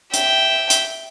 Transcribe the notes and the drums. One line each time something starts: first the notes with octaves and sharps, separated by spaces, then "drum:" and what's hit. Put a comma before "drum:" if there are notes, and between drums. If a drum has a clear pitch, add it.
E5 G5, drum: hi-hat
drum: hi-hat